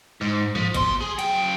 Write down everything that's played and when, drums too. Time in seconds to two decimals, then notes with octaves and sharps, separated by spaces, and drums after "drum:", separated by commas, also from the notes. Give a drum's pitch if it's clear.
0.21 G#2
0.55 F3, drum: tom G#2
0.74 B2 C6, drum: kick A1, hi-hat
1.01 G#4
1.19 F#2 G5, drum: hi-hat